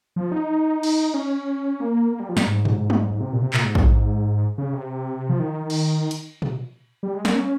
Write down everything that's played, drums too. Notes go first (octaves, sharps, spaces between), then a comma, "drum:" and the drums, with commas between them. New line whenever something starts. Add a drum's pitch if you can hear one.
F3
D#4
drum: cymbal
C#4
A#3
A#3
G3
F3
G2, drum: snare
G#2
drum: tom
drum: tom
G#2
C3
A#2
C3
A#2, drum: clap
G#2
G#2, drum: kick
C#3
C3
F3
D#3
drum: cymbal
drum: hi-hat
drum: tom A#2
G3
G#3
A#3, drum: snare
C#4